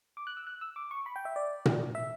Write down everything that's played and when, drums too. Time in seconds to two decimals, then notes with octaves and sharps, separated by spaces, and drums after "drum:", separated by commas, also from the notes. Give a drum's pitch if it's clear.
0.17 D6
0.27 F#6
0.37 E6
0.47 F#6
0.61 E6
0.76 D6
0.91 C#6
1.06 B5
1.16 G5
1.25 E5
1.36 D5
1.66 drum: tom A#2
1.95 E5